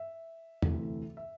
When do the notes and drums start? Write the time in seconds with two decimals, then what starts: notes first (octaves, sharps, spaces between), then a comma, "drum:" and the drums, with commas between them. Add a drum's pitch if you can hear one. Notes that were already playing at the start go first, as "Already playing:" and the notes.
Already playing: E5
0.62 D2 C3 E3 A3, drum: tom
1.17 E5